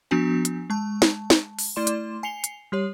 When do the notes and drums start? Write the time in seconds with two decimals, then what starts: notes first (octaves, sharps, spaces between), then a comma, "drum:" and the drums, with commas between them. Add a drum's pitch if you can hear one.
0.11 F3 B3 D4 F#4 G#5
0.45 drum: hi-hat
0.70 G#3 A5
1.02 drum: snare
1.30 drum: snare
1.59 drum: open hi-hat
1.76 A3 E4 D5 C6 E7
1.87 drum: hi-hat
2.23 G#5 C7 C#7 F7 G7
2.44 drum: hi-hat
2.72 G3 G4 C#5